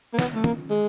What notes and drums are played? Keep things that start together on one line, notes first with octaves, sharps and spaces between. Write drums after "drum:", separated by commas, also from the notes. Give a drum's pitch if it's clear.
A#3
B3, drum: snare
A3
A#3, drum: tom
G#3